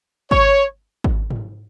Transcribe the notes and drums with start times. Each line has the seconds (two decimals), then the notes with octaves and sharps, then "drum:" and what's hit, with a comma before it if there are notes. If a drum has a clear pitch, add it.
0.31 C#5, drum: kick G#1
1.04 drum: kick G#1
1.30 drum: tom G#2